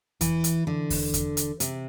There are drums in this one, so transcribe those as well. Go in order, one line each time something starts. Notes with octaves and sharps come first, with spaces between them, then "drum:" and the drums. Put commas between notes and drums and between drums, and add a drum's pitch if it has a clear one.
E3, drum: kick E2, hi-hat
drum: hi-hat
D3
drum: kick E2, open hi-hat
drum: kick E2, hi-hat
drum: hi-hat
C3, drum: hi-hat